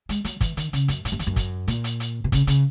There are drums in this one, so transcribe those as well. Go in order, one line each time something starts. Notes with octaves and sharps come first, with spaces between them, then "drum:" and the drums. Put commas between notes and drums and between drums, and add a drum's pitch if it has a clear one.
G#3, drum: hi-hat
F#3, drum: hi-hat
E3, drum: kick, hi-hat
D#3, drum: hi-hat
C#3, drum: hi-hat
F#2, drum: hi-hat
G#2, drum: hi-hat
F#2
E2, drum: hi-hat
F#2
drum: kick, hi-hat
A#2, drum: hi-hat
drum: hi-hat
drum: hi-hat
B2
C#3, drum: kick, hi-hat
C#3, drum: hi-hat